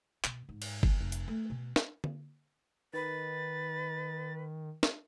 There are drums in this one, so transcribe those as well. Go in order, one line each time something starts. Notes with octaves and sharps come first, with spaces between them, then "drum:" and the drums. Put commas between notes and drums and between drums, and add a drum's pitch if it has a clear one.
B2, drum: clap
G#2
drum: cymbal
D#2, drum: kick G1
F1
drum: hi-hat
A3
B2
drum: snare
drum: tom D3
D#3 B4 A6
drum: snare